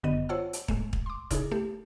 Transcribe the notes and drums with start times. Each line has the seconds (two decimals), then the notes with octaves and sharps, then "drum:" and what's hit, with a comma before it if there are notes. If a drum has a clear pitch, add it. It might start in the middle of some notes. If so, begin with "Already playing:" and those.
0.03 G1 F#2 D3 B3 D#5 D#7
0.29 F4 C5 C#5 F#5 A5 E6
0.53 drum: hi-hat
0.68 A2 G#3 A3, drum: kick
0.93 drum: kick
1.06 C6 D6
1.31 C#3 D#4 E4 G#4, drum: kick, hi-hat
1.51 A3 G4 A4